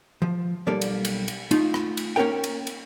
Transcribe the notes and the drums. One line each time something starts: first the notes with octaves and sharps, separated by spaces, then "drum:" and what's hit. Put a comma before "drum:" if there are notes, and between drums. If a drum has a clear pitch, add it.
F3
B1 G3 A#3 A4 D5
drum: cymbal
drum: cymbal
drum: cymbal
A3 D#4 F4, drum: cymbal
drum: rim click
drum: cymbal
A#3 C#4 D4 A#4 G5
drum: cymbal
drum: cymbal